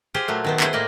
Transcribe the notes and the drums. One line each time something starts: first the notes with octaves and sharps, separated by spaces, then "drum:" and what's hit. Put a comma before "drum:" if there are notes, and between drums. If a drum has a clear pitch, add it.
F4 G4 G#4 C5
A#2 F#3 A3
D#3 B3 C5
E4 G#4 C5, drum: clap
A2 A#3 D5 D#5